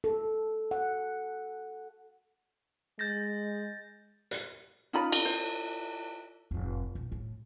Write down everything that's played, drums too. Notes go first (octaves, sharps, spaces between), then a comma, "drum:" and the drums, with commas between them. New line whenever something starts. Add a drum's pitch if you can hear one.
A4
F#5
G#3 G6 A6 A#6
drum: hi-hat
C#4 D#4 F4 B5
drum: cymbal
C5
F1 A2
A#1
A2